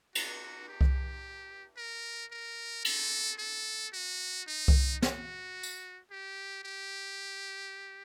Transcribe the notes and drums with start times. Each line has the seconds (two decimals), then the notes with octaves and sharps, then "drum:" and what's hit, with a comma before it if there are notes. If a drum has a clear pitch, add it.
0.15 F#4, drum: cymbal
0.69 G4
0.81 drum: kick C2
1.77 A#4
2.31 A#4
2.85 A4, drum: cymbal
3.39 A4
3.93 F#4
4.47 D#4
4.68 drum: kick C2
5.02 F#4, drum: snare
5.63 drum: tambourine
6.11 G4
6.64 G4